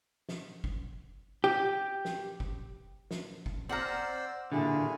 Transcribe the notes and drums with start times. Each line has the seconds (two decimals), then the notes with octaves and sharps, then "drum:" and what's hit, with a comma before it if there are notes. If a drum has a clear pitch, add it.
0.29 drum: snare
0.64 drum: kick
1.44 G4
2.05 drum: snare
2.40 drum: kick
3.11 drum: snare
3.46 drum: kick
3.69 C4 C5 D5 F#5 A#5 E6 F6
4.52 G2 A#2 D3 E4 G#4